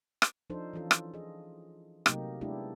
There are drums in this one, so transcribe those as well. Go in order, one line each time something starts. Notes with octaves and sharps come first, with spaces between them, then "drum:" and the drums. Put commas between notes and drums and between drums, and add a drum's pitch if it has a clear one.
drum: rim click
F3 D4 D#4 A4 C5
E3 C#4 F4 A4
drum: rim click
G#4 D#5
C3 F#3 A3 A#3 D#4 G4, drum: rim click
G#3 B3 D4 E4 G4